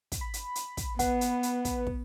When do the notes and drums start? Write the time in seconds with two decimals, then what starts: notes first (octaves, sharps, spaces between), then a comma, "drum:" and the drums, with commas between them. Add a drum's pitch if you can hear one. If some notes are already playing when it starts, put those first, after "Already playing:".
0.12 drum: kick, hi-hat
0.21 B5
0.34 drum: hi-hat
0.55 drum: hi-hat
0.77 drum: kick, hi-hat
0.99 B3 B4 F#5, drum: kick, hi-hat
1.21 drum: hi-hat
1.43 drum: hi-hat
1.65 drum: kick, hi-hat
1.87 drum: kick